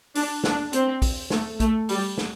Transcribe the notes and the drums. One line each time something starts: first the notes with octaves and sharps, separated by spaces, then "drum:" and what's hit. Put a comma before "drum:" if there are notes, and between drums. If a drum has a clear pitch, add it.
D4, drum: open hi-hat
D4, drum: snare
C4, drum: hi-hat
drum: kick A#1, open hi-hat
A3, drum: snare
A3, drum: kick A#1, hi-hat
G3, drum: open hi-hat
drum: snare